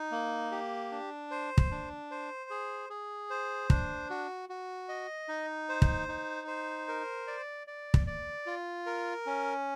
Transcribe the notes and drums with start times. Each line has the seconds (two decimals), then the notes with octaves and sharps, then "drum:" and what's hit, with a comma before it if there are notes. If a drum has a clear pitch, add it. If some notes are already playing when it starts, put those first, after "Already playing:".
Already playing: D#4
0.11 A#3
0.51 G4
0.92 D4
1.31 C5
1.58 drum: kick
1.71 D4
2.11 C5
2.50 G#4
2.90 G#4
3.30 C5
3.70 D4, drum: kick
4.10 F#4
4.49 F#4
4.89 D#5
5.28 D#4
5.69 C5
5.82 drum: kick
6.08 D#4
6.47 C5
6.88 A#4
7.27 D5
7.67 D5
7.94 drum: kick
8.07 D5
8.46 F4
8.86 A#4
9.26 C#4